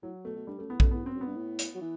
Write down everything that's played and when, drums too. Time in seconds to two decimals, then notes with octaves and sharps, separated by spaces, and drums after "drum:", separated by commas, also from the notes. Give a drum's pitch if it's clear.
0.02 A2 F#3
0.24 B2 A3
0.36 B2
0.47 G2 G3
0.59 F#2 A3
0.70 E2 B3
0.80 F#2 A3, drum: kick A#1
0.91 E2 B3
1.03 F#2
1.06 C4
1.14 F#2
1.21 G2 B3
1.36 A2
1.59 drum: hi-hat
1.74 F#3
1.81 E3